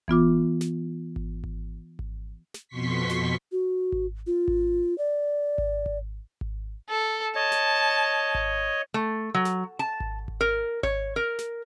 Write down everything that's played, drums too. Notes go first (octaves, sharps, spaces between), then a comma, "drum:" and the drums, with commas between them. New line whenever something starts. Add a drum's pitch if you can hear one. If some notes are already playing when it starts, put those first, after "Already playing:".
E3 B3 F4 D6, drum: kick G#1
drum: snare
drum: kick G#1
drum: kick G#1
drum: kick G#1
drum: snare
F2 B2 C6 C#6 B6
drum: snare
F#4
drum: kick G#1
F4
drum: kick G#1
D5
drum: kick G#1
drum: kick G#1
drum: kick G#1
A4
C#5 D#5 A5
drum: snare
drum: kick G#1
A3
F#3
drum: snare
A5
drum: kick G#1
drum: kick G#1
A#4
C#5, drum: kick G#1
A#4
drum: snare